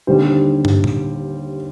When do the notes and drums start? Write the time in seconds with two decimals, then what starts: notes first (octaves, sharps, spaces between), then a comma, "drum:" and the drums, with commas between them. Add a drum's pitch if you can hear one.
0.07 D#2 D3 G3 C5
0.65 drum: tom
0.84 drum: tom A2